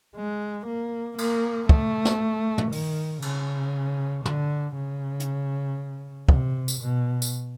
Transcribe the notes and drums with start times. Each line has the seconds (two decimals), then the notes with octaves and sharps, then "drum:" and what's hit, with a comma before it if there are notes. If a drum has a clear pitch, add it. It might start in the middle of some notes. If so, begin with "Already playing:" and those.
0.16 G#3
0.67 A#3
1.18 A#3, drum: cymbal
1.69 A3, drum: kick
2.05 drum: snare
2.58 drum: tom
2.72 D#3, drum: open hi-hat
3.22 C#3, drum: cymbal
4.25 D3, drum: tom
4.76 C#3
5.20 drum: hi-hat
6.29 C3, drum: kick
6.68 drum: tambourine
6.81 B2
7.22 drum: tambourine